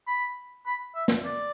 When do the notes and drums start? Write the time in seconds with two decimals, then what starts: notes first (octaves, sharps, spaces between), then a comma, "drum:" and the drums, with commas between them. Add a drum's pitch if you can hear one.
0.07 B5
0.66 B5
0.95 E5
1.08 drum: snare
1.25 D5